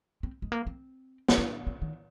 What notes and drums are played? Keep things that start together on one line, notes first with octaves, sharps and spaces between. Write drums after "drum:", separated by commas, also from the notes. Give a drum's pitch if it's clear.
C4
G#3
A#3
C4
drum: snare
D4
C4
D#3